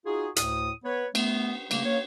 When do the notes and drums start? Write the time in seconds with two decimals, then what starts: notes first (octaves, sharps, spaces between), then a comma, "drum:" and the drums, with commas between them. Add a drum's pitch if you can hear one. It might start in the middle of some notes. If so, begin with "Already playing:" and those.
0.06 D#4 F4 F#4 G#4
0.36 D2 A2 D#6, drum: hi-hat
0.84 B3 B4 C#5
1.15 A3 B3, drum: cymbal
1.71 C#3 G3 A3 A#3, drum: cymbal
1.85 A#3 C#5